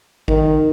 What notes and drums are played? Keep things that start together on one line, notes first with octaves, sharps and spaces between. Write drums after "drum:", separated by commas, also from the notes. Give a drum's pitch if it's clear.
D#3, drum: kick A1